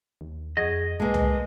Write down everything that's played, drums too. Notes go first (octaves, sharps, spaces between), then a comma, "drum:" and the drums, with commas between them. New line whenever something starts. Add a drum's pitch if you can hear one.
D#2
F2 G#4 D#5 F#5 G#6
B1 G#3 A#3 B4 G#5 A5
drum: tom